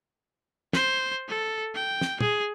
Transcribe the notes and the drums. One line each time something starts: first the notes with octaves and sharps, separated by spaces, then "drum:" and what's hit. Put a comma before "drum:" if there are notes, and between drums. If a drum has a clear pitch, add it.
C5, drum: snare
A4
G5
drum: snare
G#4, drum: tom